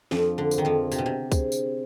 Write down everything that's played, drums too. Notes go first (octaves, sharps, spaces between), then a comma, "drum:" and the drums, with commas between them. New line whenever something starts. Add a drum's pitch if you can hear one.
F2 F3 D4, drum: snare
D3
G#4 C5, drum: tambourine
D#3
F2 F3
C3 D4, drum: tambourine
B2
C3
G#4 C5, drum: kick C#2, tambourine
drum: tambourine